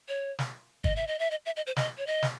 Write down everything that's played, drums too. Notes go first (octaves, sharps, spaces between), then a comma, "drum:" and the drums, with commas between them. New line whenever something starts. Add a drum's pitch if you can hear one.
C#5
drum: snare
D#5, drum: kick
E5
D#5
E5
D#5
E5
D#5
C5
D#5, drum: snare
C#5
D#5
drum: snare